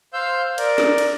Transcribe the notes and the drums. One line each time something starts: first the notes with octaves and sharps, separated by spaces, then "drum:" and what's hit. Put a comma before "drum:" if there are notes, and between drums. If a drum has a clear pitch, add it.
C5 F5 E6 G6
A#4 D5, drum: cymbal
drum: snare
drum: cymbal